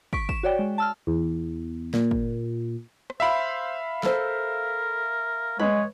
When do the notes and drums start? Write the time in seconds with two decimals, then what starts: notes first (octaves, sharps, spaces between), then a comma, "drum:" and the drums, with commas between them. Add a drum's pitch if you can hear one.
0.13 C#6 B6 D7, drum: kick
0.29 E7, drum: kick
0.43 F#4 C#5 D5 G5
0.59 G#3
0.78 A5 E6 F6
1.07 E2
1.94 A#2, drum: snare
2.11 drum: kick
3.10 drum: rim click
3.20 C5 E5 F5 B5
4.03 A4 A#4 C5, drum: snare
5.60 G#3 B4 C#5, drum: tom